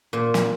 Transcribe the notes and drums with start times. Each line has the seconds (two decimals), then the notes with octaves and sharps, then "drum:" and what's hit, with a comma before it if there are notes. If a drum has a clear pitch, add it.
0.13 A#2
0.34 drum: snare